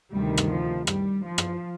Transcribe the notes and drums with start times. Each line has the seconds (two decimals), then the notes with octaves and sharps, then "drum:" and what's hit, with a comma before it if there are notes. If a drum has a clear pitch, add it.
0.12 D2 C3 D#3 G3
0.38 drum: rim click
0.50 F3
0.87 G3, drum: rim click
1.26 F3
1.38 drum: rim click